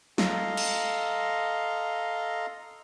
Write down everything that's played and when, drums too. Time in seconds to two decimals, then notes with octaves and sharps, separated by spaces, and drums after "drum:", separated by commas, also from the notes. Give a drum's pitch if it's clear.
0.18 A4 D#5 F5 A#5 C6, drum: snare
0.57 drum: cymbal